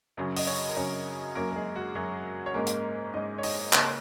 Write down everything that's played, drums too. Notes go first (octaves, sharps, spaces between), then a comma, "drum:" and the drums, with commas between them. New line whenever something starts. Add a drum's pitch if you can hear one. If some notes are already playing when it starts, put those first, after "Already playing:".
F#2 C#3 F#3 C#4
D#5, drum: open hi-hat
C#4 C#5
A#4
F#2 C#3 F#3 C#4 C#5
F#2 F#3 A#3 C#4 A#4
A#4
G#3 G#4
F#4
F#2 F#3 C#4 F#4
C#5
G#2 G#3 A#3 C#4 A#4
drum: hi-hat
G#2 G#3 C#4 D#4 D#5
C#5
D#4 D#5, drum: open hi-hat
C#3 A#3 C#4, drum: clap